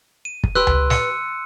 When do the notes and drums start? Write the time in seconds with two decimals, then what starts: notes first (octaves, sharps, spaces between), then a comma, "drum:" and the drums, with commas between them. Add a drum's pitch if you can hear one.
0.25 D#7
0.44 drum: kick
0.55 G4 B4 C6 E6 F#6
0.67 drum: tom C#2
0.90 E6 C#7 D#7, drum: snare